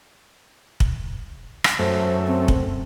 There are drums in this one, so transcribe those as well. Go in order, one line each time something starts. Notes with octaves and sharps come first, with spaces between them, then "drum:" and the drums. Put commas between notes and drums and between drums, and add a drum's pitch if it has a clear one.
drum: kick
drum: rim click
F#2 A3 C5
C4
drum: kick